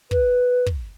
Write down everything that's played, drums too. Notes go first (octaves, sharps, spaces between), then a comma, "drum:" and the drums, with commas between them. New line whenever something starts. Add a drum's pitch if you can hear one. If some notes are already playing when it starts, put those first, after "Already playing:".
B4, drum: kick
drum: kick